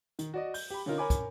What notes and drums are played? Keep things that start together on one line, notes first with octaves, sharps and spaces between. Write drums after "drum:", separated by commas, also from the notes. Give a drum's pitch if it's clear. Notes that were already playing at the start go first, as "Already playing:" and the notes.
D#3, drum: hi-hat
F#4 D5 D#5
G6, drum: open hi-hat
G4 B5
D3 C#4 D#4 F4 A#4
A#4 C#5 G#5 B5 D6
drum: kick, hi-hat